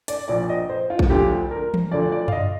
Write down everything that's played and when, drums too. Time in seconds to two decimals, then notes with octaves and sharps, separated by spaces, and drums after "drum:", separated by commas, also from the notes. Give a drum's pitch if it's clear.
0.08 D5, drum: hi-hat
0.28 A#1 A#2 F3 D5
0.49 D#5
0.69 C5
0.90 F4
0.99 drum: kick
1.10 D2 D3 F3 G4
1.51 A#4
1.74 drum: tom E3
1.91 D2 D3 F3 D5
2.12 D5
2.28 F5, drum: tom F#2
2.32 D#5